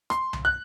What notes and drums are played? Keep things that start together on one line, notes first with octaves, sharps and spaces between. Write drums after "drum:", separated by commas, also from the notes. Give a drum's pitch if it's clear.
C6, drum: rim click
drum: tom C2
F#6